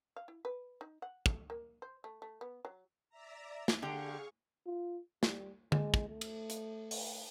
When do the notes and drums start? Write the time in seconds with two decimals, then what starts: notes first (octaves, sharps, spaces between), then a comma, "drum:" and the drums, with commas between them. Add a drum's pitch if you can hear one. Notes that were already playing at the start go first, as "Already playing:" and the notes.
0.16 F5
0.28 E4
0.45 B4
0.81 D#4
1.02 F#5
1.26 A3, drum: kick
1.50 A#3
1.82 C5
2.04 A3
2.22 A3
2.41 B3
2.65 F#3
3.09 D5 E5 A#5
3.68 drum: snare
3.82 D3 G4 G#4 F5 C#6
4.66 F4
5.23 G3, drum: snare
5.72 G#3, drum: tom D3
5.94 drum: kick
6.09 A3
6.21 drum: cymbal
6.50 drum: hi-hat
6.91 drum: open hi-hat